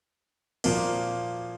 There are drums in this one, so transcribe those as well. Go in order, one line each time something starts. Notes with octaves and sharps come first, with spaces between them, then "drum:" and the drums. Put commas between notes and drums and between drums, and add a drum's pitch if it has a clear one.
A#2 F3 A#3, drum: cymbal